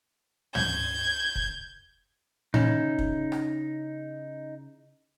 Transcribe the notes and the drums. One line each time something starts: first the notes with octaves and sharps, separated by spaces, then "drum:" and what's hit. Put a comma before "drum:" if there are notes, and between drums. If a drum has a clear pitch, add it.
G6 G#6, drum: tom
drum: kick
A#2 C#3 C#4 D#4 E4, drum: tom
drum: kick
drum: rim click